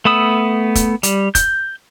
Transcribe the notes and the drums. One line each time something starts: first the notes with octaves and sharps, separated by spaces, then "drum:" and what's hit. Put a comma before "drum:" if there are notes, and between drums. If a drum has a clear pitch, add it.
A3 B3 B5 D#6 E6
drum: kick, hi-hat
G3, drum: hi-hat
G6, drum: kick, hi-hat